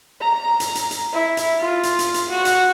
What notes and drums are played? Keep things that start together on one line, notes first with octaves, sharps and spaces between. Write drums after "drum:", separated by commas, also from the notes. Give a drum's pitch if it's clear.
A#5
drum: hi-hat
drum: hi-hat
drum: hi-hat
E4
drum: hi-hat
F4
drum: hi-hat
drum: hi-hat
drum: hi-hat
F#4
drum: hi-hat